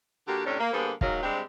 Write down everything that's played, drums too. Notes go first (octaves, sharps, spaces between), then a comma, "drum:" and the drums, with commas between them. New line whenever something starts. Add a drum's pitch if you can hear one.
D3 A#3 F#4 G4
A2 C3 A3 C#4 D4
A#3
D3 G3 A#3 B3 G#4 C5
G#2 D#3 F#3 A#4 D#5 F5, drum: kick
C3 G3 G#3 C4 D4 G4